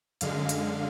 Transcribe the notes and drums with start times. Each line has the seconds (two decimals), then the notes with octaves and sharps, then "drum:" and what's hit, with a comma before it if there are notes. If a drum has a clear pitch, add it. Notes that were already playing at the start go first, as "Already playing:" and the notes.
0.21 F#2 D3 G#3 F5, drum: hi-hat
0.49 drum: hi-hat